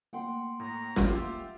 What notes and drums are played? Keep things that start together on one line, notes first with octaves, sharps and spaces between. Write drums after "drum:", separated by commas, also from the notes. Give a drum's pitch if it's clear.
A3 A#3 F#5 G5 C6
A2 A#5
drum: snare
F4 G4 E5